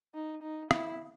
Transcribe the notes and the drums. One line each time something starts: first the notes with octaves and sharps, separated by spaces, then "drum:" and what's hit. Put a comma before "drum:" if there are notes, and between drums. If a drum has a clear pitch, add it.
D#4
D#4
E4, drum: rim click